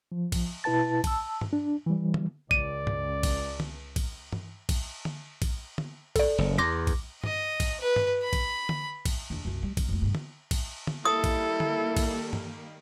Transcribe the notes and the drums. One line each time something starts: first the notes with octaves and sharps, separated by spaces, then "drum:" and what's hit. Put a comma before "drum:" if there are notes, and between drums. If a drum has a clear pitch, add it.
F3
drum: kick, cymbal
B2 E4 B4 A5 A6
A5 E6, drum: kick, cymbal
drum: tom G2
D4
E3 G3
drum: tom
C#2 D5 D#7, drum: kick
drum: tom G2
drum: kick, cymbal
drum: tom
drum: kick, cymbal
drum: tom G2
drum: kick, cymbal
drum: tom D3
drum: kick, cymbal
drum: tom
A4 D5, drum: kick, cymbal
F#1
E2 C6 D6 A#6
drum: kick, cymbal
D#5, drum: tom G2
drum: kick, cymbal
B4
drum: tom G2
B5
drum: kick, cymbal
drum: tom D3
drum: kick, cymbal
E2 D3
C2 F#2
G3
G2, drum: kick, cymbal
F2 A3
G2 C#3
drum: tom
drum: kick, cymbal
drum: tom
D#3 G3 A#3 E4 A4 D#6
drum: kick, cymbal
drum: tom D3
drum: kick, cymbal
drum: tom G2